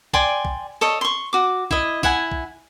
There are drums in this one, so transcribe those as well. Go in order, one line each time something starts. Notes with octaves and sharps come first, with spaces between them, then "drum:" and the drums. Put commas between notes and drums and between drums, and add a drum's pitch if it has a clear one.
D5 G5 G#5 C6, drum: kick
drum: kick
A4 C#5 D#5
C6 C#6
F#4 D6
E4 D#5, drum: kick
E4 F#5 G#5, drum: kick
drum: kick